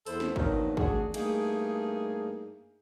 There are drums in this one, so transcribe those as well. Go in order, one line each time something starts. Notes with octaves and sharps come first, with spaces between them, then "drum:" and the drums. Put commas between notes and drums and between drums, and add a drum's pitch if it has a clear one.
E2 E4 A4 C5, drum: open hi-hat
drum: snare
D#3 F3 F#3 A#3 B3 D4, drum: kick
A3 D4 F#4 G#4, drum: kick
G2 A3 A#3 D#4 G#4, drum: cymbal